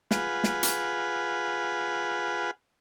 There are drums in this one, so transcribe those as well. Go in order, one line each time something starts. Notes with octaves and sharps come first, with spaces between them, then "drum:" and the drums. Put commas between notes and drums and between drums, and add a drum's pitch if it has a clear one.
F4 G#4 B4 F#5, drum: snare
drum: snare
drum: hi-hat